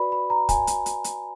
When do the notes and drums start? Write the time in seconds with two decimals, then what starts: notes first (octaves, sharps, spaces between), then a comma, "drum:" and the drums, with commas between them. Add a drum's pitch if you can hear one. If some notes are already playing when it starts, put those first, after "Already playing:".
Already playing: F#4 B4 D5 B5
0.12 B5
0.30 A#5
0.49 G#5, drum: kick, hi-hat
0.67 drum: hi-hat
0.86 drum: hi-hat
1.04 drum: hi-hat